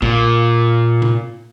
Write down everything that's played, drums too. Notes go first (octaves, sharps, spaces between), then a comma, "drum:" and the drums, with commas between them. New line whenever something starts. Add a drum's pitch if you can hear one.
A#2, drum: kick
drum: tom